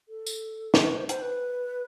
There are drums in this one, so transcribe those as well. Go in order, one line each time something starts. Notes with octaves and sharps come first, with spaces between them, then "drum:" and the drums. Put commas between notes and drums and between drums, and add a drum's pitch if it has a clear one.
A4
drum: tambourine
drum: snare
B4
C5
C5, drum: hi-hat
B4